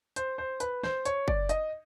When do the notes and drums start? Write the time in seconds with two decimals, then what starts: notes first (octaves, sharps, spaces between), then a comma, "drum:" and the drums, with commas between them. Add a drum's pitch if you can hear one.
0.16 C5, drum: hi-hat
0.38 C5
0.60 B4, drum: hi-hat
0.83 C5, drum: snare
1.05 C#5, drum: hi-hat
1.28 D5, drum: kick F#1
1.49 D#5, drum: hi-hat